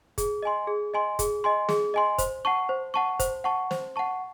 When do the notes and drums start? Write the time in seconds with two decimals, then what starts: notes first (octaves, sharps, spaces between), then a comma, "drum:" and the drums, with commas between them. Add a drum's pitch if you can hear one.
0.18 G#4, drum: kick, hi-hat
0.43 D#5 G#5 C6
0.67 G#4
0.94 D#5 G#5 C6
1.19 G#4, drum: kick, hi-hat
1.44 D#5 G#5 C6
1.69 G#4, drum: snare
1.94 D#5 G#5 C6
2.18 C5, drum: kick, hi-hat
2.45 F#5 A5 C#6
2.69 C5
2.94 F#5 A5 C#6
3.20 C5, drum: kick, hi-hat
3.44 F#5 A5 C#6
3.71 C5, drum: snare
3.96 F#5 A5 C#6